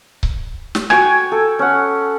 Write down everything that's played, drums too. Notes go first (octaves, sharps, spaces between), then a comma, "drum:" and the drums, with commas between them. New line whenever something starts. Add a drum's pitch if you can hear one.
drum: kick C#1
drum: snare
F#4 G5 G#5, drum: rim click
A4
C#4 F#5